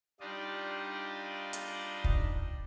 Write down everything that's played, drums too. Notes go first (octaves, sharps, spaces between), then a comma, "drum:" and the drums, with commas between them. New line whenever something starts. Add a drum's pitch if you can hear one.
G3 D4 D#4 F4 D5 D#5
drum: hi-hat
drum: kick